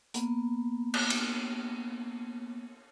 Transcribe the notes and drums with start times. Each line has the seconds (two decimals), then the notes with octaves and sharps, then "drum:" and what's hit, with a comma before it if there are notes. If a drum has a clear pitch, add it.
0.14 A#3 B3, drum: hi-hat
0.94 drum: cymbal
1.10 drum: cymbal